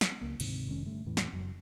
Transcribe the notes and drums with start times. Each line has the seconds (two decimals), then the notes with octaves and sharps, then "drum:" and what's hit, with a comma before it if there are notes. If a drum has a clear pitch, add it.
0.01 drum: snare
0.21 C#2 A#3
0.40 D2 G#2 C3 D#3, drum: cymbal
0.67 F1 D#3 G#3 C#4
0.85 G2 D3 A3
1.06 E2 A2 E3
1.17 drum: snare
1.33 F#1 F#2